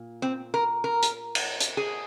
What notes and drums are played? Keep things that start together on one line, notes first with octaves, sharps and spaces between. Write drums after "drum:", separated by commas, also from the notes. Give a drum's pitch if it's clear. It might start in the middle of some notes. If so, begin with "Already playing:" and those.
Already playing: A#2
C4
A#4
A#4
drum: hi-hat
drum: cymbal
drum: hi-hat
G#4